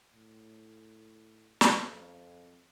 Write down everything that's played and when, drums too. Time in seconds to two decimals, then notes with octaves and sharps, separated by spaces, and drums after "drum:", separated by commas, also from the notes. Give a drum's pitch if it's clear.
0.12 A2
1.61 drum: snare
1.80 F2